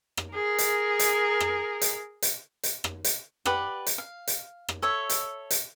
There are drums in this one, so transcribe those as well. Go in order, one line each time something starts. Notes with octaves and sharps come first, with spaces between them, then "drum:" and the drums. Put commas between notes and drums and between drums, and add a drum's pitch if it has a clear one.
drum: rim click
G#4 A#4
drum: hi-hat
drum: hi-hat
drum: rim click
drum: hi-hat
drum: hi-hat
drum: hi-hat
drum: rim click
drum: hi-hat
G4 B4 D5 F#5, drum: rim click
drum: hi-hat
F5
drum: hi-hat
drum: rim click
A4 C#5 E5
drum: hi-hat
drum: hi-hat